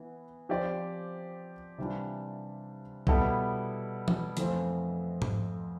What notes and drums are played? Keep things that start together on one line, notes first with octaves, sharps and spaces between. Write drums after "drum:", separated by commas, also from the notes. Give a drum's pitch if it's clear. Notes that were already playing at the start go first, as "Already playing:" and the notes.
Already playing: E3 B3
F3 C4 G4 D5
C3 E3 G3 D4 F4
B2 G3 B3 E4 A4, drum: kick B1
drum: tom E3
F2 E3 A3 C4 F4, drum: hi-hat
drum: tom G#2